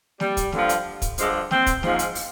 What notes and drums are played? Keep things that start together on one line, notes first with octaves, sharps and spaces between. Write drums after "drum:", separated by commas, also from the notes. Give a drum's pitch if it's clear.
G3, drum: snare
drum: kick, hi-hat
G2 D3 F3, drum: snare
drum: hi-hat
drum: kick, hi-hat
G2 D3 F3 G#3, drum: hi-hat
C4, drum: snare
drum: kick, hi-hat
G#2 F3, drum: snare
drum: hi-hat
drum: open hi-hat